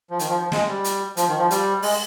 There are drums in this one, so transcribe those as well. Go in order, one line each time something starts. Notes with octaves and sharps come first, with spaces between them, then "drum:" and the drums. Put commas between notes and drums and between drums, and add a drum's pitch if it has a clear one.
F3
D#3, drum: hi-hat
F3
F3
G#3, drum: snare
G3
drum: hi-hat
F3, drum: hi-hat
D#3
F3
G3, drum: hi-hat
G#3, drum: open hi-hat